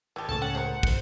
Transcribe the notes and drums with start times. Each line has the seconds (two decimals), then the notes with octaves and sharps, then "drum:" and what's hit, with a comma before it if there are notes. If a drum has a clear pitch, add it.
0.16 G#1 E3 G4 A5
0.29 C#2 A2 C#3 A#3 C#4 A4 A5
0.42 C#4 F#5 G5
0.55 G#3 A3 A#4 C5
0.83 drum: kick